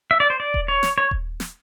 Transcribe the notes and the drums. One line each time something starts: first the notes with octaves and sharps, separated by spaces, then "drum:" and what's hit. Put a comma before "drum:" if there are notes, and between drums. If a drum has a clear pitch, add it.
E5
D5
C5
D5
drum: kick D#1
C#5
drum: snare
C#5
drum: kick D#1
drum: snare